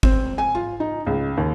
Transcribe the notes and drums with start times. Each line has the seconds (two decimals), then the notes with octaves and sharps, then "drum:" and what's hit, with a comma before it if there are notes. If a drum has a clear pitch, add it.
0.03 C4, drum: kick
0.38 G#5
0.55 F4
0.80 D#4
1.06 C#2
1.37 D#2